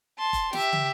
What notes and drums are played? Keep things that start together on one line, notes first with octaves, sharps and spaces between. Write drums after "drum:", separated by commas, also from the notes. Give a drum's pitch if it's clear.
A5 C6
drum: kick F1, hi-hat
G4 E5, drum: snare
drum: tom